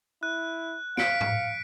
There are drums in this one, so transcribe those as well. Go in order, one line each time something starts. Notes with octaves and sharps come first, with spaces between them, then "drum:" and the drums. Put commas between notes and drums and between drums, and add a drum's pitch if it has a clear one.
E4 F#6
F5 B6 C#7 D7, drum: snare
drum: tom G#2